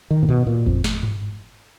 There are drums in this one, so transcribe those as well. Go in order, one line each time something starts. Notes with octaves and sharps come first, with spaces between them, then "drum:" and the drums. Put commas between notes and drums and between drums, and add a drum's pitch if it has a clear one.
D#3
A#2
B2
A#2
F2, drum: kick G1
drum: snare
drum: tom G2